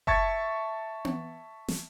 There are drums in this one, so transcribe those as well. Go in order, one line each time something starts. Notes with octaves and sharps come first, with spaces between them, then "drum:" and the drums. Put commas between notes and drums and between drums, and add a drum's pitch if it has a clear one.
E5 A5 C#6 G#6 A6, drum: kick F#1
drum: tom B3
drum: snare